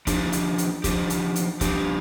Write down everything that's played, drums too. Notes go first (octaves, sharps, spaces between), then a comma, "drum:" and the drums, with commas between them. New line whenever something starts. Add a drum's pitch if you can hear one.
F3 D4 G4, drum: kick F1, hi-hat
drum: hi-hat
drum: hi-hat
F3 D4 G4, drum: kick F1, hi-hat
drum: hi-hat
drum: hi-hat
F3 D4 G4, drum: kick F1, hi-hat